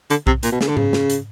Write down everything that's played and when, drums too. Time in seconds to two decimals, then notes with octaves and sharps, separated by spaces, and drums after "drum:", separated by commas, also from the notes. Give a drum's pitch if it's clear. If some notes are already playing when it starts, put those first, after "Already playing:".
0.10 D3, drum: hi-hat
0.27 C3, drum: kick B1
0.43 A#2, drum: hi-hat
0.52 B2
0.61 C#3, drum: snare
0.68 D3
0.77 C#3, drum: tom G#2
0.93 drum: snare
1.10 drum: hi-hat